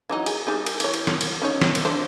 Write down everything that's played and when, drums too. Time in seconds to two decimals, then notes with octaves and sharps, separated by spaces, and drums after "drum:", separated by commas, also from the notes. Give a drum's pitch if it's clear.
0.09 E3 F#3 D#4
0.26 G#4, drum: cymbal
0.47 G3 D#4 G#4
0.66 drum: cymbal
0.80 E3 C#5, drum: cymbal
0.94 drum: cymbal
1.07 drum: snare
1.21 drum: cymbal
1.42 C#4 D#4 C#5
1.61 drum: snare
1.75 drum: cymbal
1.85 D4 C5